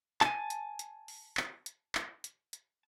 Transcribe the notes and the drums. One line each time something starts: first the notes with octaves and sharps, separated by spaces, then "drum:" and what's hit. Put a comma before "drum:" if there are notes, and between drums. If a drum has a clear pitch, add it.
G#5 A5, drum: clap
drum: hi-hat
drum: hi-hat
drum: open hi-hat
drum: clap
drum: hi-hat
drum: clap
drum: hi-hat
drum: hi-hat